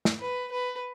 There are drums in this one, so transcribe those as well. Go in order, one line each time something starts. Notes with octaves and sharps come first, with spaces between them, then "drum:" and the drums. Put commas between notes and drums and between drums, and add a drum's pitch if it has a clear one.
drum: snare
B4
B4